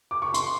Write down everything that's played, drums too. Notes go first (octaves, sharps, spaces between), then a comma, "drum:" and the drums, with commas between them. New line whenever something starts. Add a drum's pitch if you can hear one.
D6
C#6
C6, drum: hi-hat